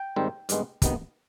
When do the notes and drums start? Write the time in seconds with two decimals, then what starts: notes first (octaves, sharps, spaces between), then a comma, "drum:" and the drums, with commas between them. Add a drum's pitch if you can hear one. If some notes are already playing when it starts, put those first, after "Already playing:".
Already playing: G5
0.16 G#2 D#3 G3 C4
0.49 G2 D#3 G#3 B3, drum: hi-hat
0.82 D2 C3 D#3 B3, drum: kick, hi-hat